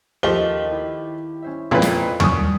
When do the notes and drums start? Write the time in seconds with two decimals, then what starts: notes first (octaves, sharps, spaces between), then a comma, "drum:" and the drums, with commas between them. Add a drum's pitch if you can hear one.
0.23 D#2 F3 A3 G4 D#5 G7
0.71 E4
1.42 C#4 C5 E5
1.71 F2 A#2 C#3 B4
1.82 drum: snare
2.20 G#1 F#2 G3 C#6 D#6 G6, drum: tom D#2